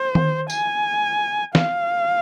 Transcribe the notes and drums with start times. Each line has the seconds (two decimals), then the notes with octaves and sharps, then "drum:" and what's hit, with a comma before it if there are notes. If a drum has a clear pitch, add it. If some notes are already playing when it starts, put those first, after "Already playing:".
Already playing: C5
0.15 drum: tom D#3
0.50 G#5, drum: tambourine
1.55 F5, drum: snare